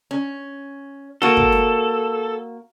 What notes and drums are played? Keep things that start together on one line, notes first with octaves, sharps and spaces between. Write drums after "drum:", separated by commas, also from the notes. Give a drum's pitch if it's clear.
C#4
A#3 F#4 A4
drum: kick
drum: snare